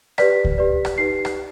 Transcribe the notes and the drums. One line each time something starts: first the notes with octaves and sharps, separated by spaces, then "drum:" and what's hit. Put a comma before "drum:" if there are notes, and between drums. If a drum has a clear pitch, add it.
G4 B4 D5 B6, drum: rim click
drum: kick C#2
G4 B4 D5
drum: rim click
D#4 G4 B4 C7
drum: rim click